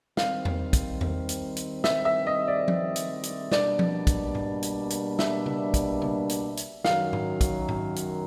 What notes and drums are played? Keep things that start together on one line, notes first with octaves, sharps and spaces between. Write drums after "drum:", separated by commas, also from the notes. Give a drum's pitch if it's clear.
D#3 G3 C4 F5, drum: snare
drum: tom E2
drum: kick, hi-hat
drum: tom E2
drum: hi-hat
drum: hi-hat
E5, drum: snare
E5
D#5
D5
drum: tom F3
drum: hi-hat
drum: hi-hat
B2 G3 A#3 D4 D5, drum: snare
drum: tom F3
drum: kick, hi-hat
drum: tom G#2
drum: hi-hat
drum: hi-hat
E5, drum: snare
drum: tom C#3
drum: kick, hi-hat
drum: tom C#3
drum: hi-hat
drum: hi-hat
F#2 D#3 F#3 F5, drum: snare
drum: tom G#2
drum: kick, hi-hat
drum: tom G#2
drum: hi-hat